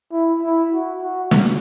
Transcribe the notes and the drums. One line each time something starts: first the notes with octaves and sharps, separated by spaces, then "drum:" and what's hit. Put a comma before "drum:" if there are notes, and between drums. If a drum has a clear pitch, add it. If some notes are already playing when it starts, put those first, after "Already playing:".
E4
E4
F#4
F#4
drum: snare